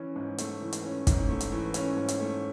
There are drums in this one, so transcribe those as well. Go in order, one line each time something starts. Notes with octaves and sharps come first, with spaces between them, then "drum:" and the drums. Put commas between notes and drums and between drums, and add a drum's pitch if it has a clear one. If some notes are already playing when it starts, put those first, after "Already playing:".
Already playing: E3 C#4
G#2
A3, drum: hi-hat
E3
drum: hi-hat
C#4
G#2, drum: kick, hi-hat
A3
drum: hi-hat
E3
C#4, drum: hi-hat
G#2
drum: hi-hat
A3